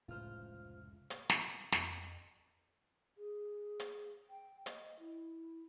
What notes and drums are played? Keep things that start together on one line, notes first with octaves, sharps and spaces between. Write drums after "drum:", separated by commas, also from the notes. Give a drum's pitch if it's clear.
F1 C#2 A2 F4 C5 F6
drum: hi-hat
drum: snare
F2, drum: snare
G#4
drum: hi-hat
G5
D#5, drum: hi-hat
E4